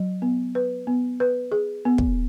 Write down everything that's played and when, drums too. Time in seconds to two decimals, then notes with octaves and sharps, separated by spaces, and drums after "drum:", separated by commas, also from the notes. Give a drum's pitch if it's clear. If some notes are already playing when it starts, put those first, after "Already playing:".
Already playing: F#3
0.22 B3
0.55 B4
0.87 B3
1.20 B4
1.52 G#4
1.85 B3
1.98 drum: kick